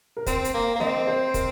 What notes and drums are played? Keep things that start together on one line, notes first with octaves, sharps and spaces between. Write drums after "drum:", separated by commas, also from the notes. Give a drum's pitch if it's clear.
A#4
C4 C5, drum: kick, hi-hat
drum: hi-hat
A#3
A#3
C4 D#5, drum: snare
C5
A#4, drum: kick, hi-hat